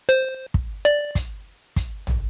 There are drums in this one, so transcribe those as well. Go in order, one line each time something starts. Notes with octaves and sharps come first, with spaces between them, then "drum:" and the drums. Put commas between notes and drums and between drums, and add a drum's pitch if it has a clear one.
C5
drum: kick
D5
drum: kick, hi-hat
drum: kick, hi-hat
drum: tom